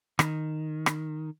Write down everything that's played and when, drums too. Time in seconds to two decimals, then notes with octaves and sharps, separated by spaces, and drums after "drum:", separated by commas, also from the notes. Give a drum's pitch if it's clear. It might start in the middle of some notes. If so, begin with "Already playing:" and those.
0.19 D#3, drum: rim click
0.86 drum: rim click